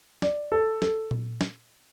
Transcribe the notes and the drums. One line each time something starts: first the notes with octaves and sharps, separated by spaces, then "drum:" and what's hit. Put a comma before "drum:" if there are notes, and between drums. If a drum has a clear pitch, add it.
D5, drum: snare
A4
A4, drum: snare
drum: tom A#2
drum: snare